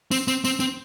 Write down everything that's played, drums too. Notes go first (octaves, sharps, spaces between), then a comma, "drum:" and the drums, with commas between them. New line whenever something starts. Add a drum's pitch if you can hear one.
C4, drum: tambourine
C4, drum: tambourine
C4, drum: tambourine
C4, drum: tambourine